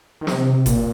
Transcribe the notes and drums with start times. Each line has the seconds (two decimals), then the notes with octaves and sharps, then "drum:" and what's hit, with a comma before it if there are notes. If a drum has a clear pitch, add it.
0.21 D#3
0.27 C3, drum: snare
0.66 A#2, drum: kick F#1, hi-hat